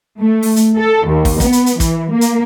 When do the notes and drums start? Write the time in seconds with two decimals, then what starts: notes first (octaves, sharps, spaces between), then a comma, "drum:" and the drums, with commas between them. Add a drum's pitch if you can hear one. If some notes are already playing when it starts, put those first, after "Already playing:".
0.21 A3
0.43 drum: open hi-hat
0.56 drum: hi-hat
0.77 A4
1.06 D#2
1.25 drum: kick, open hi-hat
1.40 B3, drum: kick, hi-hat
1.52 drum: hi-hat
1.66 drum: hi-hat
1.80 E3, drum: kick, hi-hat
2.11 A#3
2.21 drum: hi-hat